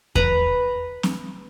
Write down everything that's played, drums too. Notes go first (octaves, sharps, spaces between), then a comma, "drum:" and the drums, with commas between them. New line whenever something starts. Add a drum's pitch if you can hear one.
B4 A#5, drum: kick E2
drum: snare C4